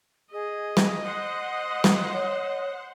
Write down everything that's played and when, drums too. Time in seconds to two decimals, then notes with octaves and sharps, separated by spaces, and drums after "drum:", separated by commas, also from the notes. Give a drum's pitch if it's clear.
0.33 G#4 D#5
0.77 drum: snare
1.04 C5 F#5 C6 D#6
1.84 drum: snare
2.14 C#5